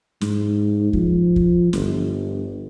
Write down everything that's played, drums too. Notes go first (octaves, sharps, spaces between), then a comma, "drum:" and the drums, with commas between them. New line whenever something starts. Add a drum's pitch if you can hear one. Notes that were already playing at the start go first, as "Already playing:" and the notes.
G#2, drum: snare
F3, drum: kick
drum: kick
G1, drum: snare